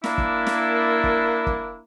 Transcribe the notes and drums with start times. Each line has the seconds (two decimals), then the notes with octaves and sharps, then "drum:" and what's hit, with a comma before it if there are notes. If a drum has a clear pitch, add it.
0.04 A#3 D4 E4, drum: snare
0.18 drum: kick
0.47 drum: snare
1.04 drum: kick
1.47 drum: kick